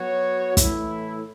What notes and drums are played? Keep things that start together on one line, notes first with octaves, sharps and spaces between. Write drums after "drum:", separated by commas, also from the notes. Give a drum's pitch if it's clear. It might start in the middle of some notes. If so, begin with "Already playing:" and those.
Already playing: F#3 B3 F#4 C#5
A2 E3 A3 E4, drum: kick, hi-hat